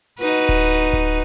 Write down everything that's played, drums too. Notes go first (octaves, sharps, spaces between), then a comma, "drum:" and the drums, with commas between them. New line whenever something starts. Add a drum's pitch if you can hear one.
D#4 F#4 B4
drum: kick D1
drum: kick D1